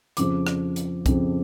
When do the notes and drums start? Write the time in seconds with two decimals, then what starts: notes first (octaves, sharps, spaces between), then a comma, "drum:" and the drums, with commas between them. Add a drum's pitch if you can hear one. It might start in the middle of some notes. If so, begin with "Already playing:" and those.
0.17 F2 C#3 F3 D6, drum: hi-hat
0.47 drum: rim click
0.76 drum: hi-hat
1.06 F2 C#3 F3, drum: kick B1, hi-hat